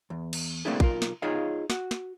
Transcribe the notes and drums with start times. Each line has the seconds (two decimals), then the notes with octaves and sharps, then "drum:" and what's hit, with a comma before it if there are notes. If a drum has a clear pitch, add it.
0.10 E2
0.33 drum: cymbal
0.65 A3 A#3 C4 D4 E4 G#4
0.80 B1 F4 A#4, drum: kick
1.02 drum: snare
1.22 D#4 F4 G#4 C#5 D#5 F5
1.70 F#4, drum: snare
1.91 drum: snare